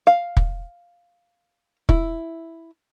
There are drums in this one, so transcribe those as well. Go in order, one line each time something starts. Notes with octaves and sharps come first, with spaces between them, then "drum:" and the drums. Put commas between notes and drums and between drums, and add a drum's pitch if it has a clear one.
F5
drum: kick
E4, drum: kick